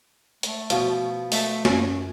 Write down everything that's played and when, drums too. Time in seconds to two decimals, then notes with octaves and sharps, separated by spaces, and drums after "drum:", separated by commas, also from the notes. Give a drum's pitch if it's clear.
0.43 A3, drum: hi-hat
0.70 B2 F3, drum: hi-hat
1.32 A3, drum: open hi-hat
1.65 F#2, drum: snare